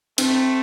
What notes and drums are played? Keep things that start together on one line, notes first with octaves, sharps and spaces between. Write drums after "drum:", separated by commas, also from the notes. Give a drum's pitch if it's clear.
A3 C4, drum: cymbal